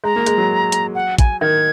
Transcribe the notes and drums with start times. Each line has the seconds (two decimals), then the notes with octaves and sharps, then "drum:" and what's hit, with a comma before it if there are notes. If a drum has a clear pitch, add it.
0.04 G#3 A#5
0.16 A#3
0.26 G#3, drum: hi-hat
0.38 F#3
0.72 drum: hi-hat
0.95 F#5
1.18 G#5, drum: kick A1, hi-hat
1.41 D#3 G#6